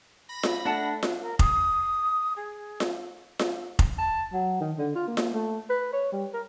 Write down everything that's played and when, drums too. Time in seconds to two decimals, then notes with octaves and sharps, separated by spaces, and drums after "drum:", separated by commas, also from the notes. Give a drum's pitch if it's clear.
0.29 B5 A#6
0.43 drum: snare F4
0.65 A3 D4 D5 F#5 A5
1.03 drum: snare F4
1.21 A#4
1.39 D#6, drum: kick F1
2.36 G#4
2.80 drum: snare F4
3.39 drum: snare F4
3.79 drum: kick F1
3.99 A5
4.33 F#3
4.61 D#3
4.78 D3
4.95 F4
5.08 A#3
5.17 drum: snare F4
5.34 A3
5.70 B4
5.93 C#5
6.13 G3
6.34 A#4